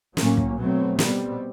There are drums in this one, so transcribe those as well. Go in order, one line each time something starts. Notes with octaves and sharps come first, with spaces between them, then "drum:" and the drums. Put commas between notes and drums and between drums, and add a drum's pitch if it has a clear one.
A2 F#3 A#3 C#4, drum: snare
drum: kick
B2 F#3 A3 C4
B2 G3 C4, drum: snare